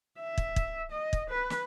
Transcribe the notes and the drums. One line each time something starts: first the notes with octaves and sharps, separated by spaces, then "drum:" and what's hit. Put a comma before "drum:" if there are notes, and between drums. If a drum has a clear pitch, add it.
E5
drum: kick
drum: kick
D#5
drum: kick
B4
drum: snare